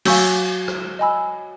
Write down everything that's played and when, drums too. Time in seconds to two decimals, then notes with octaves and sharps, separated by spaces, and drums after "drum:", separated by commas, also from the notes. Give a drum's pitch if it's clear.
0.05 F#3 F5 G#5 C#6 E6 G6, drum: cymbal
0.68 drum: rim click
0.99 D#5 G#5 B5 E6